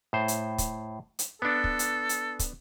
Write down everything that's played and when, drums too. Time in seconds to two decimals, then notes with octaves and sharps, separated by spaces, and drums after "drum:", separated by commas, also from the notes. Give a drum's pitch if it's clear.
0.13 A2 C5
0.28 drum: hi-hat
0.58 drum: kick, hi-hat
1.19 drum: hi-hat
1.42 B3 D4 A4
1.64 drum: kick
1.79 drum: hi-hat
2.09 drum: hi-hat
2.39 drum: kick, hi-hat